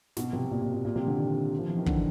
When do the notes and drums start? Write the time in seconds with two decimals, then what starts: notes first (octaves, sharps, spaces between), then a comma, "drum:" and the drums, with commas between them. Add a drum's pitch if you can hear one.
0.17 B2, drum: snare
0.33 C3
0.51 A#2
0.62 A#2
0.73 A#2
0.85 A#2
0.96 C3
1.07 D3
1.18 D#3
1.59 F3
1.68 E3
1.77 D#3
1.86 D3, drum: kick